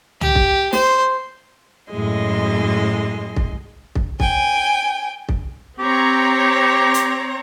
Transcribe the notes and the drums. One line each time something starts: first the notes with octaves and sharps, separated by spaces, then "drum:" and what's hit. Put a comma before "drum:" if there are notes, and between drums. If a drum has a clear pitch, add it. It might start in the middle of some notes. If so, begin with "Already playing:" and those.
G4, drum: tom
drum: kick
C5, drum: snare
F#2 A2 G#3 D#5 C6
drum: kick
drum: kick
G5 G#5, drum: kick
drum: kick
C4 G4 C#5 A#5
drum: hi-hat